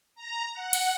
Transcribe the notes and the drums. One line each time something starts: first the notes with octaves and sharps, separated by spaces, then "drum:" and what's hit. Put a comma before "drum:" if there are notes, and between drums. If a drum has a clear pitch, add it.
A#5
F#5
drum: cymbal